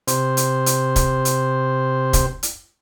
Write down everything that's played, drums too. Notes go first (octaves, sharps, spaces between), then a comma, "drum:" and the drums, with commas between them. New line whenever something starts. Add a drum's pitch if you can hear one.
C3 C5, drum: hi-hat
drum: hi-hat
drum: hi-hat
drum: kick, hi-hat
drum: hi-hat
drum: kick, hi-hat
drum: hi-hat